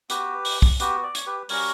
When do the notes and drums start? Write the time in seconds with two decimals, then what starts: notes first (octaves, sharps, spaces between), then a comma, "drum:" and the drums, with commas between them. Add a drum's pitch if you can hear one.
0.10 B3 F#4 G4 B4, drum: hi-hat
0.45 drum: open hi-hat
0.62 drum: kick
0.80 B3 F#4 G4 B4, drum: hi-hat
1.03 D5
1.15 C#5, drum: hi-hat
1.26 G4 B4
1.49 G3 C#4 F#4 A#4 C#5, drum: open hi-hat